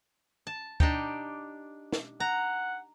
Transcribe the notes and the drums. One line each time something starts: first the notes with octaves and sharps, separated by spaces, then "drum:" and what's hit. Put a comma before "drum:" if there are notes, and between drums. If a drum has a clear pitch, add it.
A5
D4 D#4 G4, drum: kick
drum: snare
F#5 A#5